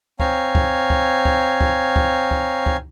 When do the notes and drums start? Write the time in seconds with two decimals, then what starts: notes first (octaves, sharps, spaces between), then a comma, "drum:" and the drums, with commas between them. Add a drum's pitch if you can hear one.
0.20 C4 C#5 F5 G#5 A#5, drum: kick C#2
0.55 drum: kick C#2
0.90 drum: kick C#2
1.25 drum: kick C#2
1.61 drum: kick C#2
1.96 drum: kick C#2
2.31 drum: kick C#2
2.66 drum: kick C#2